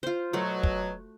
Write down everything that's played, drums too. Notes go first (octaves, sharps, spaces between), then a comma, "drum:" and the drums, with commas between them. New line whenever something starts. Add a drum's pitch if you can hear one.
F4 C5
B2 F#3 A3 F#4
drum: kick